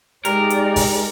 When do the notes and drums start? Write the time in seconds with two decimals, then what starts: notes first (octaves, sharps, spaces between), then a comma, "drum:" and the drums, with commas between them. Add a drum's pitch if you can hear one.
0.25 G#3 D#4 G4 A#4 D5, drum: hi-hat
0.50 drum: hi-hat
0.76 drum: kick, open hi-hat